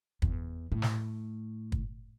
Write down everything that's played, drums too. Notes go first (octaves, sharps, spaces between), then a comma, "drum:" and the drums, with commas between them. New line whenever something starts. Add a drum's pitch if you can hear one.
E2, drum: kick
A2
drum: snare
drum: kick